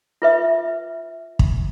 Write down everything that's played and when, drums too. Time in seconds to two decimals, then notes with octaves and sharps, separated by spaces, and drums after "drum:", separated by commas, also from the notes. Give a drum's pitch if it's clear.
0.22 F4 B4 E5
1.39 drum: kick